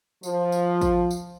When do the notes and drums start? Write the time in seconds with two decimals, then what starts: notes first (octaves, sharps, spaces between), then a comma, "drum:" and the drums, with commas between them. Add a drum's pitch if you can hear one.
0.23 F3, drum: tambourine
0.52 drum: tambourine
0.81 drum: kick A1, tambourine
1.11 drum: tambourine